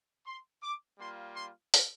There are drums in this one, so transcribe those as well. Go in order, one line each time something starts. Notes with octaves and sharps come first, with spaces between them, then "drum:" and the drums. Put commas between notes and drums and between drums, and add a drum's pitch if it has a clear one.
C6
D6
G3 A#3 F4 C6
C6
drum: open hi-hat